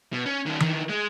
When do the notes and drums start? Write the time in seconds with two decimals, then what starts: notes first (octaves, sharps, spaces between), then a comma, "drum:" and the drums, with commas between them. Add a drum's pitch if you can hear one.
0.13 B2
0.26 C#4
0.46 D#3 C#4
0.60 D#3 E3, drum: tom D#3
0.89 G#3